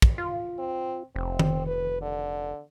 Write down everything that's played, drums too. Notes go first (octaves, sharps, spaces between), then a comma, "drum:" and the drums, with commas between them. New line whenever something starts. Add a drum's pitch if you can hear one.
drum: kick
F4
C4
F1 C4
drum: tom D#3
B4
D3